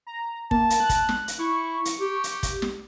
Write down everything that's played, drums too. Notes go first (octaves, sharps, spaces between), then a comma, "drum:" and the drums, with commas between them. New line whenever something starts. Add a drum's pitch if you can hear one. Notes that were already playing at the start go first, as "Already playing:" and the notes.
A#5
A#3 A5, drum: kick
drum: hi-hat
F#6
drum: kick, hi-hat
drum: snare
drum: hi-hat
E4 C#6
drum: hi-hat
G4
drum: hi-hat
drum: kick, hi-hat
drum: snare